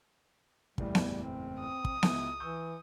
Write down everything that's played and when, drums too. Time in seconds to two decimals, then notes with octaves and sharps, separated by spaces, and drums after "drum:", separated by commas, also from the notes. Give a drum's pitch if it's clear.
0.78 F#1 E2 A2 G3, drum: kick
0.95 drum: snare B3
1.23 C4
1.60 D#6
1.85 drum: kick
2.03 C#2 E4, drum: snare B3
2.40 E3 C#6 E6 G6